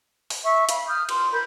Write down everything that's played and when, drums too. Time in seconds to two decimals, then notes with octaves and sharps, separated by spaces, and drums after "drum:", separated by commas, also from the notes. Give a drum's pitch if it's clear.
0.30 drum: open hi-hat
0.43 E5 C#6
0.69 F5 B5, drum: hi-hat
0.88 D#6 F6 G6
1.09 C6, drum: cymbal
1.31 A#4 B5 G6